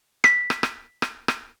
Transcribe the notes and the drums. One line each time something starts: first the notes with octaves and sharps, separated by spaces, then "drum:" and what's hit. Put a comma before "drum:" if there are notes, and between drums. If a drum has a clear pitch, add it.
B6, drum: rim click
drum: rim click
drum: rim click
drum: rim click
drum: rim click